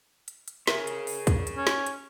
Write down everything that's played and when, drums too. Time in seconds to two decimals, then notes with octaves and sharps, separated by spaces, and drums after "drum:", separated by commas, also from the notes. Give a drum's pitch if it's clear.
0.28 drum: hi-hat
0.48 drum: hi-hat
0.67 G#4 A#4 C#5 E5, drum: snare
0.87 drum: hi-hat
1.07 drum: open hi-hat
1.27 drum: kick, hi-hat
1.47 drum: hi-hat
1.57 C#4
1.67 drum: snare
1.86 drum: hi-hat